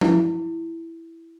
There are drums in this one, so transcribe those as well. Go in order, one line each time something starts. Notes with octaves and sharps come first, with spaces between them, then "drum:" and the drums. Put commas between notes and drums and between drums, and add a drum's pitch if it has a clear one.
E4, drum: tom F3